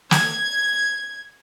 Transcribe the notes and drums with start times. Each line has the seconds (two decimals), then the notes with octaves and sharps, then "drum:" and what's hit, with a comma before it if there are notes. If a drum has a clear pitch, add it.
0.11 G#6, drum: snare